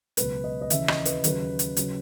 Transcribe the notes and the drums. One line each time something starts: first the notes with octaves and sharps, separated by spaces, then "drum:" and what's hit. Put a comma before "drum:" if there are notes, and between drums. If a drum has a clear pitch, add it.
C#2 B2 F#3 B4, drum: hi-hat
D#5
D#5
D#2 C#3 E3 E5, drum: hi-hat
D#5, drum: rim click
B4, drum: hi-hat
D#2 C#3 F#3 B4, drum: hi-hat
drum: hi-hat
C#3 F#3, drum: hi-hat